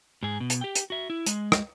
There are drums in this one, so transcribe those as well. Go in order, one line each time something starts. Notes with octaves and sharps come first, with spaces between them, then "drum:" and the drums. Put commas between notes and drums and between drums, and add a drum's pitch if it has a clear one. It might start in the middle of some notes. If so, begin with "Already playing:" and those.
G#2 G#4
B2
drum: hi-hat
G4 G5
drum: hi-hat
F#4 E5
E4
G#3, drum: hi-hat
drum: rim click